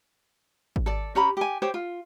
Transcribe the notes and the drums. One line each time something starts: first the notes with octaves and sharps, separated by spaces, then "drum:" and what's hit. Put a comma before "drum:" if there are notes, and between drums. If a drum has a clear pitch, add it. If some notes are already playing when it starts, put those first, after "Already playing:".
drum: kick G#1
A4 D5
C#4 G4 A#5 B5
G4 G#5
G4 C5 C#5
F4